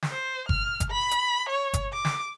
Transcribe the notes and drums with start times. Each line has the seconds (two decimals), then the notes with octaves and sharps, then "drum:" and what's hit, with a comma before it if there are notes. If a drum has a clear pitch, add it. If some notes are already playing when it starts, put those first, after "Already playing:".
0.02 drum: snare
0.12 C5
0.49 F6, drum: kick G1
0.80 drum: kick G1, hi-hat
0.91 B5
1.11 drum: hi-hat
1.49 C#5
1.74 drum: kick G1, hi-hat
1.93 D6
2.05 drum: snare